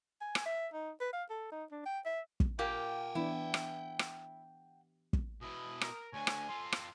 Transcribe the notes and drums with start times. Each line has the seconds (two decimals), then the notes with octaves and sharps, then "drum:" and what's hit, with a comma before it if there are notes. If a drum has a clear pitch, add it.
0.21 G#5
0.35 drum: rim click
0.46 E5
0.73 D#4
1.01 B4
1.13 F5
1.30 A4
1.52 D#4
1.72 D4
1.86 G5
2.06 E5
2.40 drum: kick
2.59 A#2 A#3 G4 F#5 G5
3.15 E3 B3 D4 E4
3.54 drum: rim click
3.99 drum: rim click
5.13 drum: kick
5.41 B2 E4 D#6
5.81 A#4, drum: rim click
6.13 D2 D3 C#5 G#5
6.27 drum: rim click
6.49 F4 A4 C6
6.72 drum: rim click